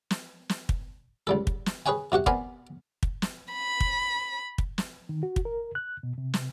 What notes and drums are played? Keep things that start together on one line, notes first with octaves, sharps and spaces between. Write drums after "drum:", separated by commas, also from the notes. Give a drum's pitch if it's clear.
drum: snare
drum: snare
drum: kick
C#2 G3 A4
drum: kick
drum: snare
G#4 B4 C#5 G5 G#5
C3 F#4 G4 F#5
B3 C4 A#4 D5 G#5 B5, drum: kick
drum: kick
drum: snare
B5
drum: kick
drum: kick
drum: snare
D#3
F#4
drum: kick
A#4
F#6
B2
C3
drum: snare